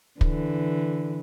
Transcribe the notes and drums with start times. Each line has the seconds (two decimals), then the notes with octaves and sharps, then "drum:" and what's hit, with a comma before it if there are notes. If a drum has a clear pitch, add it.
0.21 D3 E3, drum: kick